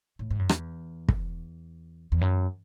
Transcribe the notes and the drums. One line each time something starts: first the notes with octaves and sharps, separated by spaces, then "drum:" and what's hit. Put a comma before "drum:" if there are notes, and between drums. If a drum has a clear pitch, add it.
A2
G#2
F#2
E2, drum: rim click
drum: kick
E2
F#2